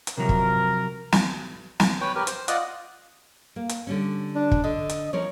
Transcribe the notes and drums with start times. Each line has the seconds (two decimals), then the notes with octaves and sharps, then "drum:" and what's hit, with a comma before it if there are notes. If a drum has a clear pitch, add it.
0.07 drum: hi-hat
0.17 C3 F3 F#3 A#4
0.29 drum: kick
1.12 drum: snare
1.80 drum: snare
2.01 B4 C#5 G5
2.15 G4 A#4 B4
2.27 C5, drum: hi-hat
2.48 F4 D5 D#5 F#5, drum: hi-hat
3.56 A#3
3.69 drum: hi-hat
3.87 D3 G3 C#4
4.35 D4
4.51 drum: kick
4.64 D3 D#5
4.89 drum: hi-hat
5.13 F3 C#4 A#4 C#5